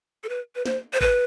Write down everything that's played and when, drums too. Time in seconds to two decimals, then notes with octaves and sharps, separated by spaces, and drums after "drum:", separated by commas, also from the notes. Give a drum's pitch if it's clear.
0.24 A4
0.29 B4
0.56 B4
0.66 C5, drum: snare
0.93 C5
1.01 B4, drum: kick G#1